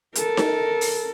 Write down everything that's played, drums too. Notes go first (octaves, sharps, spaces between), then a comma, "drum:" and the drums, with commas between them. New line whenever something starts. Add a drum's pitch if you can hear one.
A4 A#4, drum: hi-hat
drum: snare D#4
drum: open hi-hat